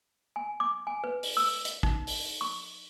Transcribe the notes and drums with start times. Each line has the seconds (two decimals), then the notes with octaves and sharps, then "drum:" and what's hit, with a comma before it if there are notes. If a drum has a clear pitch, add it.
0.36 G#5
0.60 D6
0.87 G#5
1.04 B4
1.23 drum: open hi-hat
1.37 E6
1.65 drum: hi-hat
1.83 D#4, drum: kick
2.07 drum: open hi-hat
2.41 C#6